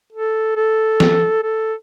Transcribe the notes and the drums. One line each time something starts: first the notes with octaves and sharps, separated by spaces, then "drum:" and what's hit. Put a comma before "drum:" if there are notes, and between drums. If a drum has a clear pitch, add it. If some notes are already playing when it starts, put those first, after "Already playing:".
A4
A4
drum: snare
A4